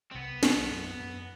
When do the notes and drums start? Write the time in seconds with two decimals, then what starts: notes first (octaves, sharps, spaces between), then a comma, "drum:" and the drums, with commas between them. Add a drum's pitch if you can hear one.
0.11 C4
0.14 C2 C3 B3
0.43 B1 B2, drum: snare
0.71 F#2
1.00 F#2